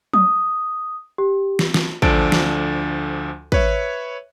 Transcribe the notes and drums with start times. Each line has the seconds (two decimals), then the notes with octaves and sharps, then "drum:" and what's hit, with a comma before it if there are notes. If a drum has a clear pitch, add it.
0.14 D#6, drum: tom F3
1.18 G4
1.59 drum: snare
1.74 drum: snare
2.02 D2 F3 D4 A4 D7, drum: kick
2.32 drum: snare
3.52 B4 C#5 E5, drum: kick